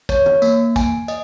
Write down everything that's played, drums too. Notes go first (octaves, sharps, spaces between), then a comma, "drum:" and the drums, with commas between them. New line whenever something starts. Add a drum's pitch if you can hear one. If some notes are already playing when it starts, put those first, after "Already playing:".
C#5, drum: kick, tambourine
drum: tom
A#3, drum: tambourine
G#5, drum: kick, tambourine
D#5, drum: tambourine